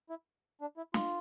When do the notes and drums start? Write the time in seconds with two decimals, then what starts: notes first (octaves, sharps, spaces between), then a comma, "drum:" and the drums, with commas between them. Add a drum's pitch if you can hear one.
0.10 E4
0.61 D4
0.77 E4
0.94 F4, drum: snare